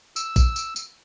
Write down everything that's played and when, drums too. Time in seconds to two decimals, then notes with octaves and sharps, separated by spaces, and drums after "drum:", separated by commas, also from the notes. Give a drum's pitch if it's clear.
0.16 E6, drum: tambourine
0.36 drum: kick, tambourine
0.56 drum: tambourine
0.76 drum: tambourine